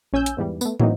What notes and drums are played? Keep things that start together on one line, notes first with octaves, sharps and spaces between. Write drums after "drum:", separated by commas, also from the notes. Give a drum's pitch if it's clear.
A#1 C#4 G#5 E6 G6
drum: hi-hat
E2 G#2 E3 G3
A3 B3, drum: tambourine
E3 F#3 A#3 C4 D#4, drum: tom